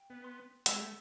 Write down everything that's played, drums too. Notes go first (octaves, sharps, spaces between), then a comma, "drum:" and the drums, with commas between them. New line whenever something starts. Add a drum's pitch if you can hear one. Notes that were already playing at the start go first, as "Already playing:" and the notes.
Already playing: G5
B3
C6
G#3 E6, drum: hi-hat
A3